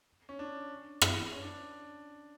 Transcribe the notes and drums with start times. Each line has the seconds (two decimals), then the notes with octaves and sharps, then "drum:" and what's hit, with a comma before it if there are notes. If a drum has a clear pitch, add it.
0.29 C#4
0.39 D4
1.01 drum: rim click
1.32 C#4
1.42 D4